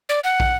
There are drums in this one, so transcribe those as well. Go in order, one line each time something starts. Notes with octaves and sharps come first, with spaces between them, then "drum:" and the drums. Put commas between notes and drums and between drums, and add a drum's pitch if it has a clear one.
D5
F#5
drum: kick